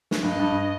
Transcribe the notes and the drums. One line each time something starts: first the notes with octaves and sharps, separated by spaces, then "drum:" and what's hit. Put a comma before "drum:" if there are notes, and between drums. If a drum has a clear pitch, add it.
drum: snare
G2 D#5
G2